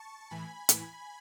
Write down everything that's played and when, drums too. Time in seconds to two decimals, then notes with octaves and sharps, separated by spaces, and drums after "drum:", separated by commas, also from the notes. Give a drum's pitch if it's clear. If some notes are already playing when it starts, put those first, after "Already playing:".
Already playing: A5 C#6
0.31 A2 E3 G#5 B5
0.69 A2 E3, drum: hi-hat